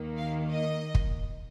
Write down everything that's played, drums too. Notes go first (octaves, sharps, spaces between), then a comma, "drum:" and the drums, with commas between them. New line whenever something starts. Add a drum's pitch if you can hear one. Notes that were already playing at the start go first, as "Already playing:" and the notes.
Already playing: D#2 D#3 A#3
F5
D#5
drum: kick